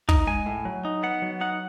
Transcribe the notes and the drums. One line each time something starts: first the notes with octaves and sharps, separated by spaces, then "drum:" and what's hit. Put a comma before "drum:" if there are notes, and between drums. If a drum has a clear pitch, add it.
D#4, drum: kick
G#3 G#5
A2
F#3
D#4
B3 F#5
F#3
D#4 F#5